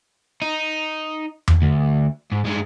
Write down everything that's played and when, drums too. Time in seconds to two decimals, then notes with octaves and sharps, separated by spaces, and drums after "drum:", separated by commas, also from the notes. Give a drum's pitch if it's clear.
0.42 D#4
1.48 drum: tom E2
1.62 D2
2.32 G#2
2.45 G2 G#3